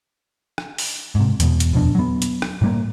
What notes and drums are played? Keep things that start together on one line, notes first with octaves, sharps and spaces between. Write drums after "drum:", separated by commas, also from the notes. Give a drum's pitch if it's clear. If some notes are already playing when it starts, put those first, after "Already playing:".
drum: rim click
drum: open hi-hat
G#2 C3
E2 B2, drum: hi-hat
drum: hi-hat
D#1 F2 B2 D4
F#3 B3
drum: hi-hat
drum: rim click
A2 G3 A#3